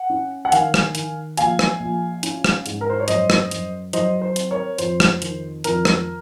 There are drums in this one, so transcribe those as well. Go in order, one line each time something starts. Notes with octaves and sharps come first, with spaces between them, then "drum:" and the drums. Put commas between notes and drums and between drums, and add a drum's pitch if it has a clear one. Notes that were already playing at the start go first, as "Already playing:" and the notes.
Already playing: F#5
C#4
F#5
D#3 F5 G#5, drum: hi-hat
drum: rim click
D#3, drum: hi-hat
A#1 F5 G#5, drum: hi-hat
drum: rim click
A#1
C#4, drum: hi-hat
drum: rim click
G#2, drum: hi-hat
A#4
C5
C#5
F#2 C5 D#5, drum: hi-hat
drum: rim click
F#2, drum: hi-hat
F#3 C5 D#5, drum: hi-hat
C5
C4, drum: hi-hat
A#4 C#5
F2 C5, drum: hi-hat
drum: rim click
D#3, drum: hi-hat
F2 A#4, drum: hi-hat
drum: rim click